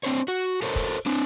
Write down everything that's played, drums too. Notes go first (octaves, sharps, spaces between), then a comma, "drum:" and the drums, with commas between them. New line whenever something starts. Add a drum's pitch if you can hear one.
C4 D4 C5 C#5
F#4, drum: hi-hat
A4 A#4 C5 C#5
drum: kick, open hi-hat
C4 D4